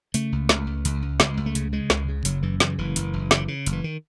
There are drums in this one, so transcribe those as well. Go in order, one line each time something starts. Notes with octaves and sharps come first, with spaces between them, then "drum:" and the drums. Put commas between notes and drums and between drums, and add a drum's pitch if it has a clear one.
C#3 A3, drum: hi-hat
C#2
C#2, drum: snare
C#2
C#2, drum: hi-hat
C#2
C#2 G#3, drum: snare
C#2
A3
C#3, drum: hi-hat
C#3 G#3
C#2, drum: snare
C#3
F#1 F#3, drum: hi-hat
F#2 E3
C#3 E3, drum: snare
F#1 E3
F#1, drum: hi-hat
F#1
C#3, drum: snare
C#3
F#1, drum: hi-hat
E3
D#3